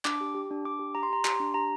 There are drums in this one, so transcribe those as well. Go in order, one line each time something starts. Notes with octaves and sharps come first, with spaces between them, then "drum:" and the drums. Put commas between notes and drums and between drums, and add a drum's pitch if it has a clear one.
D4 D6, drum: clap
G4
G4
D4
D4 D6
G4
G4 A#5
C6
G4 A#5
G4 C6, drum: clap
D4
G4 A#5